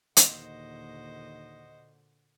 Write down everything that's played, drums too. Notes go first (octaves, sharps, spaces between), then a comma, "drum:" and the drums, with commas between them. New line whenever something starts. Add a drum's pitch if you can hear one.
D#2 A#2 D3 F#4 C5 D#5, drum: hi-hat